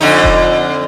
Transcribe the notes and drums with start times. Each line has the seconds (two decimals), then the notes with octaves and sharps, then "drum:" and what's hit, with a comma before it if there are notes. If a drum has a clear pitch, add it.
0.01 F2 D3 D#4
0.24 drum: kick E1